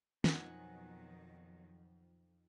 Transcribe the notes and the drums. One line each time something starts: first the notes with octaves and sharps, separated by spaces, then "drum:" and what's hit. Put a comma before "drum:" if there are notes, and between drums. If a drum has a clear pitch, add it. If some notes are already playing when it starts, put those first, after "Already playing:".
F2 B2 D#3 F3 F#3 D#4 F#5 G#5, drum: snare